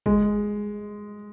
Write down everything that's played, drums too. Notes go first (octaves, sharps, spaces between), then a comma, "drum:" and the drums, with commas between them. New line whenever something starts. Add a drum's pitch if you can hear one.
G#3, drum: kick